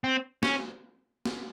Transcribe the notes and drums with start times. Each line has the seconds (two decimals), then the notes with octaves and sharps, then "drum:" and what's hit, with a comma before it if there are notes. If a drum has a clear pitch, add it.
0.04 C4
0.43 C#4, drum: snare
1.25 drum: snare